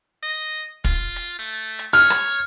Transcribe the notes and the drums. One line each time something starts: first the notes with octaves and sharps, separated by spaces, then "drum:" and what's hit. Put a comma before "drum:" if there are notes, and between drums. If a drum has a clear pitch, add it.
D#5
F4, drum: kick, hi-hat
drum: hi-hat
A3
drum: hi-hat
C#5 F6
drum: rim click